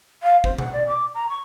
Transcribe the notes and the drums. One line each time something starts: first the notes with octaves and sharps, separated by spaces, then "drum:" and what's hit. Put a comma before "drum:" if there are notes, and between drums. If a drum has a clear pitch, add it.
F5
C5, drum: kick
F#5, drum: tom B2
D5
D6
A#5
C#6